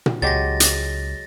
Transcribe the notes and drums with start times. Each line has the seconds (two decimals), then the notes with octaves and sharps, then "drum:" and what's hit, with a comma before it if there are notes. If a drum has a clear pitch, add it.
0.06 drum: tom A#2
0.22 C#2 F#3 G#3 G4 A6 A#6
0.60 drum: hi-hat